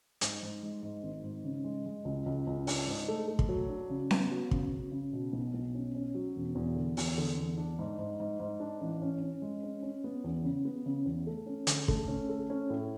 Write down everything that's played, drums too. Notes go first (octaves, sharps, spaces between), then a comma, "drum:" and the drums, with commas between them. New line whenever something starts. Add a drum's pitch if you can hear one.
G#2, drum: hi-hat
G#2
G#3
G#2
G#1
G#2
C#3
G#3
G#3
C#2
C#2
C#2
D4, drum: open hi-hat
G#2
A3
A3
drum: kick
F#3
D4
C#3
B3, drum: snare C4
F#3
C#3, drum: kick
C#3
C#3
B2
B1
B1
C#4
C#4
F#3
E1
E2
D3
E2, drum: open hi-hat
D3
E2
D4
G#2
G#2
G#2
G#2
D4
A1
C#4
C#4
G#3
C#4
C#4
B3
E2
C#3
B3
C#3
E2
A3
C#4
D3, drum: hi-hat
A3, drum: kick
C#4
A3
C#4
A2